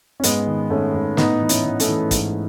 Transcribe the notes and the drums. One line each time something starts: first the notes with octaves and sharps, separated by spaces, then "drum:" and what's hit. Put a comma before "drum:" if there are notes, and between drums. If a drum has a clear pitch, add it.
C#4
G#2 G#3 B3, drum: hi-hat
D#3
G#2 A3 C#4
G#2
A2 B3 D#4, drum: snare
E3
C#4 E4, drum: hi-hat
E3
A3 C#4, drum: hi-hat
E3
G#2, drum: kick, hi-hat